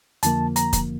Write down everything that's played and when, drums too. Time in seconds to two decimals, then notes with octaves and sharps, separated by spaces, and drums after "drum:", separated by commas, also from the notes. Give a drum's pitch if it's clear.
0.23 F2 D3 F3 A#3 A5, drum: hi-hat
0.56 A#5, drum: hi-hat
0.73 drum: kick, hi-hat